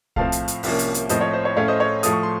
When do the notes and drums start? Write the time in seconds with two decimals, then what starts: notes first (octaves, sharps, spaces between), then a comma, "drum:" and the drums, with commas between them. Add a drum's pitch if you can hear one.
0.16 A2 F3 C4 F5 A5, drum: kick B1
0.32 drum: hi-hat
0.48 drum: hi-hat
0.63 C2 C3 F3 A#3 C#4, drum: open hi-hat
0.79 drum: hi-hat
0.94 drum: hi-hat
1.09 A2 F3 C4 C5 D#5, drum: hi-hat
1.21 C#5
1.33 C5
1.45 C#5
1.57 A2 A3 C#4 C#5 F5
1.68 C5 D#5
1.80 C#5
2.03 A2 F3 A3 D#6, drum: hi-hat
2.13 C#6
2.23 C6